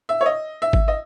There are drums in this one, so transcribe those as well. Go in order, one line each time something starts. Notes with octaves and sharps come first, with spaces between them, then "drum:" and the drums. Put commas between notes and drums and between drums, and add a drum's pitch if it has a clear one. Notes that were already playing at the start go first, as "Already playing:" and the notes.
E5
C#5
D#5
E5
drum: kick G#1
D#5